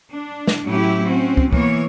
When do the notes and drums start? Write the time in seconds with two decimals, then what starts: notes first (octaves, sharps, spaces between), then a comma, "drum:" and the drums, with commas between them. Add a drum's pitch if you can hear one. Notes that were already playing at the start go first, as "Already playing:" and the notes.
0.13 D4
0.47 drum: snare
0.65 A2 F#3 A3 C#4 E4 G4
1.05 C4 C#4 F#4
1.37 drum: kick
1.53 E3 A#3 B3 C#5, drum: kick